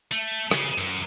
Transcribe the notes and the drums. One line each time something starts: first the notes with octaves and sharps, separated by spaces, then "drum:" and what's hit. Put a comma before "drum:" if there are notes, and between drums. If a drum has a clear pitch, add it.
A3
C#3, drum: rim click
F#2